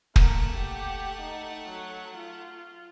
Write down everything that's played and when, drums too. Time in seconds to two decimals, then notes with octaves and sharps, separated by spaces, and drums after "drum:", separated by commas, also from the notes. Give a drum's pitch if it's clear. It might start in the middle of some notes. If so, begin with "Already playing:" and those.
0.16 A3 A#3 F#5, drum: kick
0.52 G4
1.21 D#4
1.66 F#3
2.17 F4